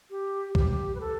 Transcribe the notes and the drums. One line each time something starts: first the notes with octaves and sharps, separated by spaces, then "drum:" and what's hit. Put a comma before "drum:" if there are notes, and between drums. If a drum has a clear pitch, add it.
G4
G4, drum: kick B1
B4
A4